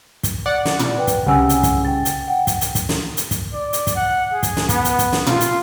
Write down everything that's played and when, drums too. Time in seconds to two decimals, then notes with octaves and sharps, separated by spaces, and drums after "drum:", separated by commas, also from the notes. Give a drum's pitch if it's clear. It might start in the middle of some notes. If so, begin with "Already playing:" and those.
0.23 drum: kick, hi-hat
0.46 D5 F#5
0.65 drum: snare
0.79 drum: tom
0.98 B4 G5
1.07 drum: kick, hi-hat
1.26 C2 C#3 F#5 G#5 E6
1.49 drum: hi-hat
1.63 drum: kick, hi-hat
1.85 G5 A6
2.05 drum: hi-hat
2.28 F#5 G5
2.47 drum: kick, hi-hat
2.61 drum: hi-hat
2.75 drum: kick, hi-hat
2.89 drum: snare
3.17 drum: hi-hat
3.31 drum: kick, hi-hat
3.53 D5
3.73 drum: hi-hat
3.87 drum: kick, hi-hat
3.96 F#5
4.33 G#4
4.43 drum: kick, hi-hat
4.57 drum: snare
4.69 B3, drum: kick, hi-hat
4.85 drum: hi-hat
4.99 drum: kick, hi-hat
5.13 drum: snare
5.27 F4, drum: tom
5.41 drum: hi-hat